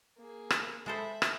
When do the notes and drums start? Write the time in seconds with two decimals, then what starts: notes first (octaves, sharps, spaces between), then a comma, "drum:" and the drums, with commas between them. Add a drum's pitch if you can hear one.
0.18 A#3 G#4
0.51 drum: rim click
0.86 G#3 A4 C5 E5 B5
1.22 drum: rim click